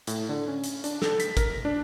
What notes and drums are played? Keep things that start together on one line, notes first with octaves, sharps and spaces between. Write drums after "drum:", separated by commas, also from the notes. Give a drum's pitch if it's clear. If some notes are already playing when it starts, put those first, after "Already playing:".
A2, drum: hi-hat
D3
C#4
drum: hi-hat
D4, drum: hi-hat
A4, drum: snare
B6, drum: hi-hat
A#4, drum: kick, hi-hat
D4